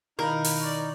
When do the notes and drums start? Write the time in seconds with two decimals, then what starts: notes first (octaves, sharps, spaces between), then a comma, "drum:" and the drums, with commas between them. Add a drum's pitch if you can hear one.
0.19 B2 D#3 D#4 E4 A#4 F5 B5
0.44 drum: open hi-hat
0.60 C#5 D5